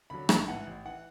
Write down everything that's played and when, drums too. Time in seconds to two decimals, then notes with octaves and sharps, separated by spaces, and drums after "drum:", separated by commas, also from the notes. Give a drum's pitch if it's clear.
0.10 D3 F#3 B5
0.29 A1 A5, drum: rim click
0.48 G#2 E3 F#5
0.67 A1
0.85 E3 F#5